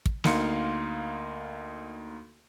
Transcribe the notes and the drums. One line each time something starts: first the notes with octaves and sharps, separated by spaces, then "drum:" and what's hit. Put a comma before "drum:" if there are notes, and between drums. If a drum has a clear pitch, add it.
drum: kick
D2 A#3 D#4 F5 C6 C#7, drum: snare